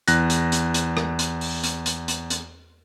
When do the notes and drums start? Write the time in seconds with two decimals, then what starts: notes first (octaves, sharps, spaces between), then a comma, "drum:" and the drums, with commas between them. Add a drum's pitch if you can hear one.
0.08 E2 F#6 A#6, drum: hi-hat
0.30 drum: hi-hat
0.52 drum: hi-hat
0.74 drum: hi-hat
0.97 drum: rim click
1.19 drum: hi-hat
1.41 drum: open hi-hat
1.64 drum: hi-hat
1.86 drum: hi-hat
2.08 drum: hi-hat
2.30 drum: hi-hat